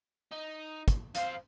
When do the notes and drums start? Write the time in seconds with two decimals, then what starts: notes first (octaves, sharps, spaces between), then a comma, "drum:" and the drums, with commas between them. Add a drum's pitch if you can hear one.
0.32 D#4
0.88 drum: kick, hi-hat
1.15 F2 C5 F5, drum: hi-hat